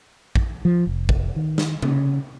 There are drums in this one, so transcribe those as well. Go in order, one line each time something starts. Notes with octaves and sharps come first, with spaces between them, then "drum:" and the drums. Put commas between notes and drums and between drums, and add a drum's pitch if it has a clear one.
drum: kick A1
F3
F1
drum: kick A1
D#3
drum: snare
C#3, drum: tom C3